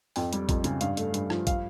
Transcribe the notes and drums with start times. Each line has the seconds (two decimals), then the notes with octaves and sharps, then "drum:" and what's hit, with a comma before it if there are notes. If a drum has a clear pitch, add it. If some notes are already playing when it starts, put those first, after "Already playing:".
0.16 F2 G5, drum: open hi-hat
0.33 G3, drum: hi-hat
0.49 F2, drum: kick, hi-hat
0.64 C#3, drum: hi-hat
0.81 G2 F5, drum: hi-hat
0.97 A3, drum: hi-hat
1.14 G2, drum: hi-hat
1.30 F3, drum: rim click
1.47 F5, drum: kick, hi-hat